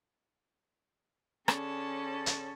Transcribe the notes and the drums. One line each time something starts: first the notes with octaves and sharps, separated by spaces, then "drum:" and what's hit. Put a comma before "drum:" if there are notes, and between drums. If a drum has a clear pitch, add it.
D3 C#4 G#4 A5, drum: rim click
drum: hi-hat